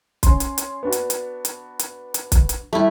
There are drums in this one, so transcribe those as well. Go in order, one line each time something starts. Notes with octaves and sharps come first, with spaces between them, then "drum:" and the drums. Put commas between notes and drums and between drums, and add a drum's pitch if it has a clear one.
C#4 C6, drum: kick, hi-hat
drum: hi-hat
drum: hi-hat
B3 D4 F#4
drum: hi-hat
drum: hi-hat
drum: hi-hat
drum: hi-hat
drum: hi-hat
drum: kick, hi-hat
drum: hi-hat
G3 A3 E4